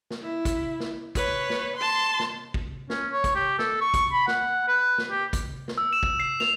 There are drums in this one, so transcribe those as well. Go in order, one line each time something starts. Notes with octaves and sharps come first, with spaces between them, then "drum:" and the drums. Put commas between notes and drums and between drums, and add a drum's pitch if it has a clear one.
drum: snare
E4
drum: kick, hi-hat
drum: snare
B4 C#5, drum: kick, hi-hat
drum: snare
A5 C6
drum: snare
drum: kick
C#4, drum: snare
C#5
drum: kick, hi-hat
G4
A4, drum: snare
C#6
drum: kick, hi-hat
B5
F#5, drum: snare
B4
drum: snare
G4
drum: kick, hi-hat
drum: snare
E6
E7
drum: kick
C7
F7, drum: snare